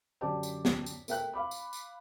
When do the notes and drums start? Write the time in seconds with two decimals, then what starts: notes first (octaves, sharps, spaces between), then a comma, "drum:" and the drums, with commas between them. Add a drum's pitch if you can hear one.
0.21 F#2 D3 G4 D5 A5 D6
0.43 drum: tambourine
0.65 drum: snare
0.86 drum: tambourine
1.08 A3 A#4 E5 G5 F#6, drum: tambourine
1.33 F5 B5 D6
1.51 drum: tambourine
1.73 drum: tambourine